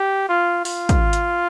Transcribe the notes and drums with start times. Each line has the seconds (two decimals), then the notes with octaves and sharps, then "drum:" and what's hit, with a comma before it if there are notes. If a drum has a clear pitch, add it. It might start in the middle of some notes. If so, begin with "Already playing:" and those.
Already playing: G4
0.29 F4
0.65 F4, drum: open hi-hat
0.89 drum: kick, hi-hat
1.13 drum: hi-hat